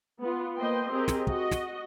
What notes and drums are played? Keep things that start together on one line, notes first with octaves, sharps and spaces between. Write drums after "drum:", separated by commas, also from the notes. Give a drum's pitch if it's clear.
B3 F4
A#3 B4 C5 D#5 G5 C6
C4 G4 G#4 A#4 D#5
drum: snare
F#4 D#5, drum: kick
drum: snare